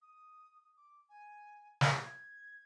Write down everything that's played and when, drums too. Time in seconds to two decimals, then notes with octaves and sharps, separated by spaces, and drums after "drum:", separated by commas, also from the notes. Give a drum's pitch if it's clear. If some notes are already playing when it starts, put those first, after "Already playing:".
0.01 D#6
0.77 D6
1.09 G#5
1.81 drum: snare
2.03 G#6